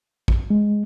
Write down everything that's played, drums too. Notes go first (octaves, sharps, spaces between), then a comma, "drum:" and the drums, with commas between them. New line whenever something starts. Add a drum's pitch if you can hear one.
drum: kick A1
G#3